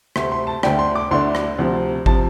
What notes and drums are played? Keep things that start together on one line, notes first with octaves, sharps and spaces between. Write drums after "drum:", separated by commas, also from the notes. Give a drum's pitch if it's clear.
D2 C3 A3 C4 C6, drum: rim click
C6
A5
D2 D3 A3 D4 G5, drum: rim click
C6
D6
D2 D3 A3 D4 C6
drum: rim click
D2 C3 F3
C3 F3 A5, drum: kick G#1